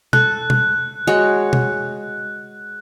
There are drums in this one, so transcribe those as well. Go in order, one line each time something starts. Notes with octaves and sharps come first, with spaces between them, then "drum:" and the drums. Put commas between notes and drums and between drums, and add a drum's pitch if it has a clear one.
A4 F#6, drum: tom B2
drum: tom B2
G#3 F#4 C#5
drum: tom B2